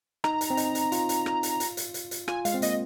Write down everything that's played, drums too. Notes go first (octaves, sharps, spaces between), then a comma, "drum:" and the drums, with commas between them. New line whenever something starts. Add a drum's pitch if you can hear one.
D#4 A#5, drum: rim click
drum: hi-hat
C4
D#4, drum: hi-hat
drum: hi-hat
F4, drum: hi-hat
drum: hi-hat
drum: rim click
drum: hi-hat
drum: hi-hat
drum: hi-hat
drum: hi-hat
drum: hi-hat
F4 G#5, drum: rim click
G#3 F5, drum: hi-hat
C4
A#3 D#5, drum: hi-hat